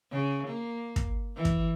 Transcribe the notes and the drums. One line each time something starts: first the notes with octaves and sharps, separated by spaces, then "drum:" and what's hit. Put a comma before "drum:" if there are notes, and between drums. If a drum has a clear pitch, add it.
C#3
A#3
drum: kick
E3
drum: kick